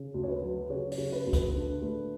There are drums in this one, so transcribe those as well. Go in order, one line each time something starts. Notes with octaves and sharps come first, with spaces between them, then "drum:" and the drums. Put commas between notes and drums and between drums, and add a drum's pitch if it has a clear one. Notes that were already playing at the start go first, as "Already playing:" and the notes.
Already playing: C#3
D2
C#5
B4
F#3
C#3 C#5
C#5, drum: open hi-hat
C#3
B4
D2
B4, drum: kick C#2, hi-hat
D3
A3